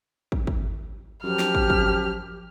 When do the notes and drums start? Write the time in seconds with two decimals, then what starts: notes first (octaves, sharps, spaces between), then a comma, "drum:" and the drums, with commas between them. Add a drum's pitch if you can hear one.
0.32 drum: kick
0.47 drum: kick
1.24 F#2 F3 G4 F6
1.39 drum: snare
1.55 drum: kick
1.70 drum: kick